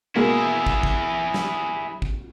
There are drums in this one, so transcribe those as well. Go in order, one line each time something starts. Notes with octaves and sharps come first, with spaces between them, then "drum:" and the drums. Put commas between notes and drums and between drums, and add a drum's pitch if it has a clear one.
B2 G#3 A#3 E4 G#4
drum: kick
drum: kick
drum: snare
drum: kick